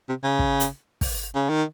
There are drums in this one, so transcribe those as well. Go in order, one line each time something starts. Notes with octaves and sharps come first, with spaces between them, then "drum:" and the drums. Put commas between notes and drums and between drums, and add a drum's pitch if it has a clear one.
C3
C#3
drum: kick
drum: hi-hat
drum: kick, open hi-hat
C#3
D#3